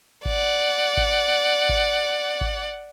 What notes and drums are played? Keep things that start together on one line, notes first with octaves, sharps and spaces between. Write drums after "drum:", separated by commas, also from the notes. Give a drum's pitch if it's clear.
D5 F#5, drum: kick G#1
drum: kick G#1
drum: kick G#1
drum: kick G#1